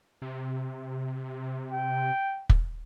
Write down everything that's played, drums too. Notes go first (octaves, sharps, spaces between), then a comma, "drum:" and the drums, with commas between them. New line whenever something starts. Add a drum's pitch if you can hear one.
C3
G5
drum: kick